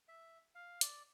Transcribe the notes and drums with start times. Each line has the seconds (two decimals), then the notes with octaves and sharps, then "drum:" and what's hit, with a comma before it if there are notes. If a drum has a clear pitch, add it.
0.08 E5
0.55 F5
0.81 D5, drum: hi-hat